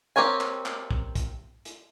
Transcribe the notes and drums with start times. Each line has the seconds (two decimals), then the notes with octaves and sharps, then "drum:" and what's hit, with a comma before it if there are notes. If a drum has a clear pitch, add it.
0.16 C4 G4 A#4 C#5 G#5
0.41 drum: clap
0.66 drum: clap
0.91 drum: kick A#1
1.15 drum: kick A#1, hi-hat
1.65 drum: hi-hat